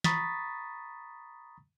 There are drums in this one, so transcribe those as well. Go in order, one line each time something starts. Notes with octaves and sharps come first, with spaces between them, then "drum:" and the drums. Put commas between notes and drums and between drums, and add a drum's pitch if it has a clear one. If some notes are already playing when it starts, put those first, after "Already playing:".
A#5 B5 C#6 D#6 A6 B6, drum: snare